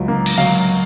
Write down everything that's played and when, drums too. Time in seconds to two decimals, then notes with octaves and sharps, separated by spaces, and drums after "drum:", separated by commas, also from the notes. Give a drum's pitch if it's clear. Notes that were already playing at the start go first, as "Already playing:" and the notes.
Already playing: C#2 F#3
0.08 A#3
0.26 drum: cymbal
0.38 F#3 F5